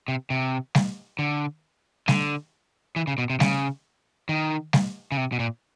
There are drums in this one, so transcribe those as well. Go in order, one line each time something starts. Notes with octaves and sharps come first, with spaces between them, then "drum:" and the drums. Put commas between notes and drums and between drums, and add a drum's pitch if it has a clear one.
C3
C3
drum: snare G3
D3
D3, drum: snare G3
E3
C#3
B2
C3
C#3, drum: snare G3
D#3
drum: snare G3
C#3
C3
B2
A#2